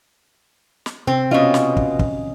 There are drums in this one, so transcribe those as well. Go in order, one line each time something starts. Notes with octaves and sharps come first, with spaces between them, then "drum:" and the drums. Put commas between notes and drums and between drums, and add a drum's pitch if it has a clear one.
drum: snare
C3 C4
B2 C4 C#4 F4 D#5
drum: snare
drum: kick
drum: kick